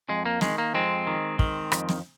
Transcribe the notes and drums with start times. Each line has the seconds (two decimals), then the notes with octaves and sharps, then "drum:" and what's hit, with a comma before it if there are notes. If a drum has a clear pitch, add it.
0.09 F2 G#3
0.25 A#3
0.41 D#3 G#3, drum: snare
0.58 A#3
0.74 F2 G#3 C4
1.07 D#3
1.39 D#3, drum: kick
1.72 F2, drum: rim click
1.89 drum: snare